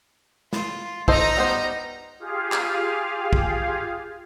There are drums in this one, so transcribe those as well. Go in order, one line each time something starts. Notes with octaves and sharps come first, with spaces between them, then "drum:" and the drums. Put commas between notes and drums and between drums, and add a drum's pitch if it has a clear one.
F4, drum: snare
D#4 A4 C5 D#5 A#5, drum: kick
G3 B3 C5
F4 G4 G#4 F5
drum: clap
drum: kick